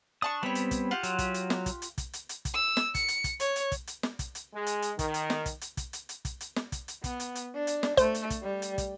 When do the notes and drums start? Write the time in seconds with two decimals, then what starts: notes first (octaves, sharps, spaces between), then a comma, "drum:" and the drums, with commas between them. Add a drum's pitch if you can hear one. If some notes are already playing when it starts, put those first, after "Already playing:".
0.22 D4 A5 C#6 D#6
0.43 G3 B3 C4 C#5 B5
0.55 drum: hi-hat
0.71 drum: kick, hi-hat
0.91 F4 G4 F#5
1.03 F#3, drum: hi-hat
1.19 drum: kick, hi-hat
1.34 drum: hi-hat
1.50 drum: snare
1.66 drum: kick, hi-hat
1.82 drum: hi-hat
1.98 drum: kick, hi-hat
2.13 drum: hi-hat
2.29 drum: hi-hat
2.45 drum: kick, hi-hat
2.54 E6
2.77 drum: snare
2.95 C#7, drum: kick, hi-hat
3.08 drum: hi-hat
3.24 drum: kick, hi-hat
3.40 C#5, drum: hi-hat
3.56 drum: hi-hat
3.72 drum: kick, hi-hat
3.87 drum: hi-hat
4.03 drum: snare
4.19 drum: kick, hi-hat
4.35 drum: hi-hat
4.55 G#3
4.67 drum: hi-hat
4.82 drum: hi-hat
4.99 D#3, drum: kick, hi-hat
5.14 drum: hi-hat
5.30 drum: snare
5.46 drum: kick, hi-hat
5.61 drum: hi-hat
5.77 drum: kick, hi-hat
5.93 drum: hi-hat
6.09 drum: hi-hat
6.25 drum: kick, hi-hat
6.41 drum: hi-hat
6.56 drum: snare
6.72 drum: kick, hi-hat
6.88 drum: hi-hat
7.04 B3, drum: kick, hi-hat
7.20 drum: hi-hat
7.35 drum: hi-hat
7.55 D4
7.67 drum: hi-hat
7.83 drum: snare
7.97 A3 C5, drum: kick, hi-hat
8.15 drum: hi-hat
8.30 drum: kick, hi-hat
8.43 G3
8.62 drum: hi-hat
8.78 drum: kick, hi-hat